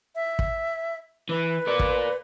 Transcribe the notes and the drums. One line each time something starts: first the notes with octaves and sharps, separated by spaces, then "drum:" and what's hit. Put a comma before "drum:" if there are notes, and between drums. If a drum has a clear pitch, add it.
E5
drum: kick
E3 B4
A#4 D5
drum: kick